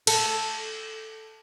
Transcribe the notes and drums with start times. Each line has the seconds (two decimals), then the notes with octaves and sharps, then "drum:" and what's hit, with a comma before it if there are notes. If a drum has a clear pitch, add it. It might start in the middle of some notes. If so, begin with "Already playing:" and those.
0.07 A4, drum: cymbal